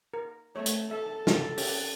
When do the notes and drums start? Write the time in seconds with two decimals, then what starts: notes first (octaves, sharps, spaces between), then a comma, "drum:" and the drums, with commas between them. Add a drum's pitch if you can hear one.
0.14 A#4
0.56 A3 C#5
0.66 drum: hi-hat
0.91 A4 E5
1.27 drum: snare
1.58 C#4 G4, drum: open hi-hat